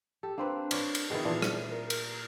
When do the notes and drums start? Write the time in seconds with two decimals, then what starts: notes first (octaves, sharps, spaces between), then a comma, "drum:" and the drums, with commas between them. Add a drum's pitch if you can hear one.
0.23 G4 A4
0.38 A#3 C4 D4 B4
0.71 B4 C#5 D5, drum: cymbal
0.95 drum: cymbal
1.10 B2 D#3 E4 G#4
1.25 A#2 E3 D4
1.42 drum: rim click
1.72 A#4
1.90 drum: cymbal